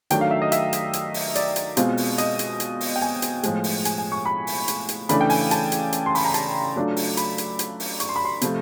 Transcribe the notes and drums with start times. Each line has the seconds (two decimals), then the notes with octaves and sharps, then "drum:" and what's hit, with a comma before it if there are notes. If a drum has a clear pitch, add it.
0.10 D#3 F#3 A3 D4 G5, drum: hi-hat
0.21 F5
0.31 E5
0.42 D#5
0.52 E5, drum: hi-hat
0.73 drum: hi-hat
0.93 drum: hi-hat
1.14 drum: open hi-hat
1.35 D5, drum: hi-hat
1.56 drum: hi-hat
1.77 B2 G#3 C4 F4, drum: hi-hat
1.97 drum: open hi-hat
2.18 D#5, drum: hi-hat
2.39 drum: hi-hat
2.60 drum: hi-hat
2.81 drum: open hi-hat
2.96 G5
3.02 G#5
3.22 drum: hi-hat
3.43 A2 F3 G#3, drum: hi-hat
3.64 drum: open hi-hat
3.85 G#5, drum: hi-hat
3.98 G#5
4.12 C#6
4.26 B5
4.47 drum: open hi-hat
4.68 drum: hi-hat
4.89 drum: hi-hat
5.09 C#3 E3 A3 D4 B5, drum: hi-hat
5.21 G5
5.30 G#5, drum: open hi-hat
5.51 A5, drum: hi-hat
5.72 drum: hi-hat
5.93 drum: hi-hat
6.06 C6
6.15 B5, drum: open hi-hat
6.25 A#5
6.34 A5, drum: hi-hat
6.76 F#3 A3 D4 F4
6.97 drum: open hi-hat
7.17 B5, drum: hi-hat
7.38 drum: hi-hat
7.59 drum: hi-hat
7.80 drum: open hi-hat
8.00 C#6, drum: hi-hat
8.09 C6
8.16 B5
8.25 C6
8.41 C3 F3 A3, drum: hi-hat